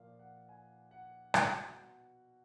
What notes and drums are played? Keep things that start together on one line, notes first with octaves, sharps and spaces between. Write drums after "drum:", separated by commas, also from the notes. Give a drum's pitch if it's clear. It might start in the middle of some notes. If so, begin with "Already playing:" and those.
Already playing: A#2 F3 A#4 F5
F#5
G#5
F#5
B2, drum: rim click